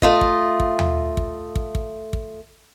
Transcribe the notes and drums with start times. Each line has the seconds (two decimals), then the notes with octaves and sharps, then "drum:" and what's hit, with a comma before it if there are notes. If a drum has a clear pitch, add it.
0.02 A3 F4 D#5, drum: kick
0.21 drum: kick
0.60 drum: kick
0.79 drum: tom D#2
1.17 drum: kick
1.56 drum: kick
1.75 drum: kick
2.13 drum: kick